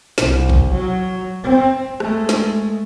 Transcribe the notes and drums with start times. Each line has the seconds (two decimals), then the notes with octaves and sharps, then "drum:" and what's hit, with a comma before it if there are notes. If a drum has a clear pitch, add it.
0.18 C2, drum: snare
0.50 drum: kick A1
0.71 F#3
1.43 C4
2.00 G#3 A3, drum: rim click
2.29 drum: snare